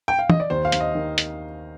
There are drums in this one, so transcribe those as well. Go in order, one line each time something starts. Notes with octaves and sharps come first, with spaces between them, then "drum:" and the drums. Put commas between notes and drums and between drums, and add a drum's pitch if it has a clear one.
G5
F5
D#5, drum: tom
D5
D#2 C5
F5
D#2, drum: hi-hat
D#5
D#3
drum: hi-hat